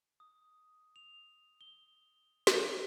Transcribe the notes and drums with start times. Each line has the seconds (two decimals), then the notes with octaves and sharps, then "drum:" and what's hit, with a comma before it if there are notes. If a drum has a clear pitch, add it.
0.20 D#6
0.96 F7
1.61 G7
2.47 drum: snare